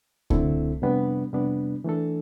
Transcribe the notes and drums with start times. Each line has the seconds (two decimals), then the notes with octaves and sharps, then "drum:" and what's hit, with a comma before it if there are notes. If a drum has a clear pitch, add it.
0.30 D3 A3 C4 E4 A4, drum: kick C#2
0.82 F2 C3 G3 B3 D4
1.33 F2 C3 G3 B3 D4
1.84 E3 A3 D4 A4